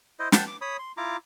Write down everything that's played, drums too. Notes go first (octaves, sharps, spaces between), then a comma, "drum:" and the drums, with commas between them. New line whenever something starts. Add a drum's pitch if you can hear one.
E4 C5 D#5
F#5 G5 A5, drum: snare
D6
C#5 B5 D#6
C6
E4 F4 A#5 D6